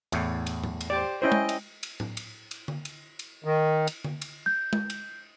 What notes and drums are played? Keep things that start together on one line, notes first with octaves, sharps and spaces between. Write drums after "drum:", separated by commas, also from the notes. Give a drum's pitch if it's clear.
E2 A2, drum: cymbal
drum: cymbal
drum: tom A2
drum: cymbal
G4 C5 D5
C#4 E4 C5 D#5 G5
drum: tom
drum: cymbal
drum: cymbal
drum: tom A2
drum: cymbal
drum: cymbal
drum: tom D3
drum: cymbal
drum: cymbal
D#3
drum: cymbal
drum: tom D3
drum: cymbal
G6
drum: tom
drum: cymbal